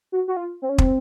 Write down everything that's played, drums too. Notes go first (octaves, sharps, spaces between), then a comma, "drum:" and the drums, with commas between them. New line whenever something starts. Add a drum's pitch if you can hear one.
F#4
F#4
F4
C4
C#4
C4, drum: kick